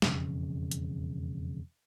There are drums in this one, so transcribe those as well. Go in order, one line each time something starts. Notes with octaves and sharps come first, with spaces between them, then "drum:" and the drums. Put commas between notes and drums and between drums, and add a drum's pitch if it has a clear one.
E1 F2 C#3, drum: snare
drum: hi-hat